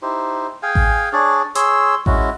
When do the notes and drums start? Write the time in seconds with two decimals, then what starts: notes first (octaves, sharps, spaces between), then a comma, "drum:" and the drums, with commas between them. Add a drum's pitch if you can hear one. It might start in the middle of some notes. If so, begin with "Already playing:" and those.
0.02 D#4 E4 G4 C5
0.63 G#4 F5 G5 G#5
0.75 drum: kick A1
1.13 D4 G#4 C#5 D5
1.55 G#4 C#5 C6 E6, drum: hi-hat
2.06 G#3 C#4 E4 F#4, drum: kick A1